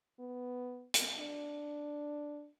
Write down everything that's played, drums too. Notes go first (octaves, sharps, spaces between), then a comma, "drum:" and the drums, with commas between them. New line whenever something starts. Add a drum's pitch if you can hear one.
B3
drum: hi-hat
D4